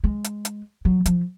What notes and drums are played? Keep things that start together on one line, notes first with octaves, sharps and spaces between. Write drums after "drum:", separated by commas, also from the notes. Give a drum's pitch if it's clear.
G#3
drum: hi-hat
drum: hi-hat
F#3
F3, drum: hi-hat